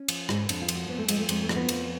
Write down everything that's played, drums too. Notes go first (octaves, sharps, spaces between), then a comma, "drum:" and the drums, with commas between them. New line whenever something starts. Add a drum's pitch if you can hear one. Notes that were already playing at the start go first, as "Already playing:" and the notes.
Already playing: C#4
F3, drum: cymbal
G#2, drum: rim click
F2 D4, drum: cymbal
F4
F3, drum: cymbal
F#4
F2 B3
A3
F3 G#3, drum: cymbal
A3
F2 G#3, drum: cymbal
A3
F3, drum: rim click
B3
F2, drum: cymbal